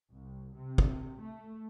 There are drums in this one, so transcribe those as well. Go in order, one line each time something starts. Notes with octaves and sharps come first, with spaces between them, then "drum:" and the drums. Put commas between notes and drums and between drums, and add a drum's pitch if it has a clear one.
C2
C3
drum: kick
A3